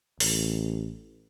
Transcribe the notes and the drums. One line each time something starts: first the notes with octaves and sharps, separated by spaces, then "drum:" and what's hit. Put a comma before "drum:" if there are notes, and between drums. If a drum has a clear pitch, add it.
A1, drum: open hi-hat